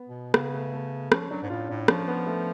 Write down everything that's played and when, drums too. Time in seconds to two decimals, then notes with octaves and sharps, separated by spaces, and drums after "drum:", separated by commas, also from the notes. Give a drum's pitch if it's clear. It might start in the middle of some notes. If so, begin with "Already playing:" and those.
Already playing: B3
0.09 B2
0.34 C#3 B3, drum: rim click
0.54 A3
0.73 A3
1.12 F3 C#4, drum: rim click
1.31 F#3 D4
1.42 G#2
1.50 A2 F4
1.69 A2 D4
1.88 F3 C#4, drum: rim click
2.07 B3
2.27 A3